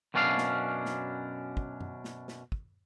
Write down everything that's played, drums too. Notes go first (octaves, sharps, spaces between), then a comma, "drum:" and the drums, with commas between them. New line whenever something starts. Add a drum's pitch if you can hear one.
F#2 B2 C#4 D4 A4 F5
drum: snare
drum: snare
drum: kick
drum: tom F#2
drum: snare
drum: snare
drum: kick